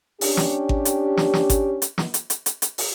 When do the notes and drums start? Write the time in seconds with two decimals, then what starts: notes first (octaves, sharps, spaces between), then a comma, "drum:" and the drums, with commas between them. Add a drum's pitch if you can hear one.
0.21 C#4 D4 G4, drum: open hi-hat
0.37 drum: snare
0.69 drum: kick G#1
0.85 drum: hi-hat
1.17 drum: snare
1.33 drum: snare
1.50 drum: kick G#1, hi-hat
1.82 drum: hi-hat
1.98 drum: snare
2.14 drum: hi-hat
2.30 drum: hi-hat
2.46 drum: hi-hat
2.62 drum: hi-hat
2.78 drum: open hi-hat